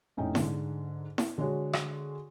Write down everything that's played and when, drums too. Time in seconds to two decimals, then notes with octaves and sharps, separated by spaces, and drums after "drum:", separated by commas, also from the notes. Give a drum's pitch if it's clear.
0.17 F1 A2 C#4 D#4 G5
0.35 G#2 D3, drum: snare E4
1.18 drum: snare E4
1.38 D3 G#3 F#4 C#5
1.73 drum: rim click